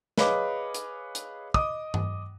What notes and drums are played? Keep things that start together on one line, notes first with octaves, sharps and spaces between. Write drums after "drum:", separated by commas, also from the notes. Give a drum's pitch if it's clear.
G#4 B4 C#5 D#5 F5 D6, drum: snare
drum: hi-hat
drum: hi-hat
D#5 D6 D#6, drum: kick
drum: tom G2